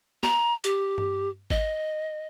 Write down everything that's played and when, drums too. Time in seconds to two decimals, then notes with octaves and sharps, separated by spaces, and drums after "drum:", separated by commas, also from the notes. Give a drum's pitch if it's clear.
0.23 A#5, drum: snare
0.64 G4, drum: hi-hat
0.98 drum: tom G2
1.50 D#5, drum: kick G#1